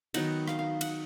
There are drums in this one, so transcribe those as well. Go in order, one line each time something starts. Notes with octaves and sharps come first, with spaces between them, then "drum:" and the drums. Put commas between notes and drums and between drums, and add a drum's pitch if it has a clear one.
D#3 F#3 B3 D#4 F#5, drum: cymbal
F5, drum: rim click
F5
F#5, drum: cymbal